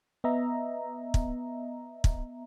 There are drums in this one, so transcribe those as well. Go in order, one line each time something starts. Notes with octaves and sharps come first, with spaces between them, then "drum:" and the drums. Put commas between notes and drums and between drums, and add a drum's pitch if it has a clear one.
B3 D#5 E5 A#5
drum: kick
drum: kick